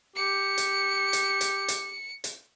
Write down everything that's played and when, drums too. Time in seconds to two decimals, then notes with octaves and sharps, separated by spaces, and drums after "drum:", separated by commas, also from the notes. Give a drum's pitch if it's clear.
0.16 G4 C#7
0.58 drum: hi-hat
1.13 drum: hi-hat
1.41 drum: hi-hat
1.68 drum: hi-hat
2.24 drum: hi-hat